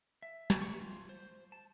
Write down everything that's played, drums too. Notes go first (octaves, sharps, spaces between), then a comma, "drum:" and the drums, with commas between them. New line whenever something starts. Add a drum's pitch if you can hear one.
E5
drum: snare
C#6
F4
C5
A5